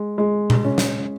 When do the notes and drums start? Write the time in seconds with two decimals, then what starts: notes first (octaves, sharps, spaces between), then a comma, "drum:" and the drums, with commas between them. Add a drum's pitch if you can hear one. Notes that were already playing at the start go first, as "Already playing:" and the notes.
Already playing: G#3
0.18 G#3
0.50 drum: tom A#2
0.65 C#4
0.78 drum: snare